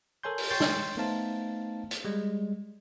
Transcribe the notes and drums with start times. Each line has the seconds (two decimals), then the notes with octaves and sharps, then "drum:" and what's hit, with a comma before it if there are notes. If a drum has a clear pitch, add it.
0.23 A4 A#4 C#5 G#5 C6 G6
0.38 drum: open hi-hat
0.50 C#5 G5 C6 G6 A6
0.60 drum: snare
0.97 A3 B3 D#4 C5 F5 A5
1.91 drum: hi-hat
2.05 G3 G#3